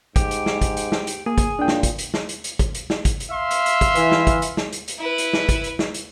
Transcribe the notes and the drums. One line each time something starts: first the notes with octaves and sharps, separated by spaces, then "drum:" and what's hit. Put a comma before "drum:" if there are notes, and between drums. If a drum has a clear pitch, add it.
G#2 G4, drum: kick, hi-hat
drum: hi-hat
drum: snare
drum: kick, hi-hat
drum: hi-hat
drum: snare
drum: hi-hat
A#3 G#4
drum: kick, hi-hat
A#2 D4 G5
drum: snare
drum: kick, hi-hat
drum: hi-hat
drum: snare
drum: hi-hat
drum: hi-hat
drum: kick, hi-hat
drum: hi-hat
drum: snare
drum: kick, hi-hat
drum: hi-hat
E5 F5 C6
drum: hi-hat
drum: hi-hat
drum: kick, hi-hat
E3, drum: hi-hat
drum: snare
drum: kick, hi-hat
drum: hi-hat
drum: snare
drum: hi-hat
drum: hi-hat
E4 B4
drum: hi-hat
drum: snare
drum: kick, hi-hat
drum: hi-hat
drum: snare
drum: hi-hat